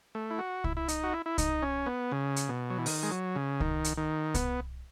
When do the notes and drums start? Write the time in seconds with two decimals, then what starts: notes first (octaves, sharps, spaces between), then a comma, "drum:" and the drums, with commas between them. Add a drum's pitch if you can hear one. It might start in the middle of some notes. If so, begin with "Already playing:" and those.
0.15 A3
0.30 E4
0.38 F#4
0.64 E4, drum: kick C2
0.77 E4
0.88 D#4, drum: hi-hat
1.04 F#4
1.14 E4
1.26 E4
1.38 D#4, drum: kick C2, hi-hat
1.62 C#4
1.86 B3
2.12 C#3
2.36 drum: hi-hat
2.49 B2
2.70 F#3
2.78 E3
2.86 D#3, drum: open hi-hat
3.03 G#3
3.11 F#3
3.36 C#3
3.60 D#3, drum: kick C2
3.84 drum: hi-hat
3.97 D#3
4.34 B3, drum: kick C2, hi-hat